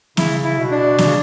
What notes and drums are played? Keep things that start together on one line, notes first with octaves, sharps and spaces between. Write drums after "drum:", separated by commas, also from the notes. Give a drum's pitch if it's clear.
C#3 E4, drum: snare
E4
B2
D4
B2, drum: snare
C#3